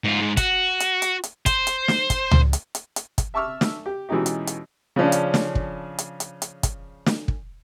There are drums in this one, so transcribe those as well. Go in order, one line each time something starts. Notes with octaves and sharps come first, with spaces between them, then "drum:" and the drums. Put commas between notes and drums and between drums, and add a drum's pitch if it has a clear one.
G#2 F4
G#2
F#4, drum: kick, hi-hat
drum: hi-hat
drum: hi-hat
drum: hi-hat
C5, drum: kick, hi-hat
drum: hi-hat
drum: snare
drum: kick, hi-hat
drum: tom C#2
drum: hi-hat
drum: hi-hat
drum: hi-hat
drum: kick, hi-hat
E5 A5 C#6 D6 E6 F6
drum: snare
G4
B2 E3 G#3 C#4 D#4 G4
drum: hi-hat
drum: hi-hat
C#3 F3 C#4 D4
drum: hi-hat
drum: snare
drum: kick
drum: hi-hat
drum: hi-hat
drum: hi-hat
drum: kick, hi-hat
drum: snare
drum: kick